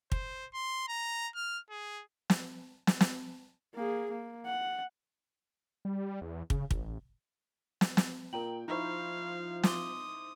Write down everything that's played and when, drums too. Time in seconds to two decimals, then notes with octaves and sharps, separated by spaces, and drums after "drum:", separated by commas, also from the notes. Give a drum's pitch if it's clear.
0.12 C5, drum: kick
0.54 C6
0.88 A#5
1.36 F6
1.70 G#4
2.30 drum: snare
2.87 drum: snare
3.01 drum: snare
3.75 A#3 G#4
4.11 A#3
4.46 F#5
5.85 G3
6.21 E2
6.50 C#3, drum: kick
6.71 A1, drum: kick
7.81 drum: snare
7.97 drum: snare
8.33 A#2 A#4 G5 A#5 F#7
8.68 F3 D#4 E4 C5 F5 A#5 B5 C#6
9.63 C6 D6 D#6 G7, drum: snare